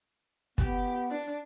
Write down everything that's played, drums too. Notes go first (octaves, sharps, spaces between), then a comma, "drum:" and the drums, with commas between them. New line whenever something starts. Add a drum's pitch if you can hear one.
B3 G4, drum: kick
D4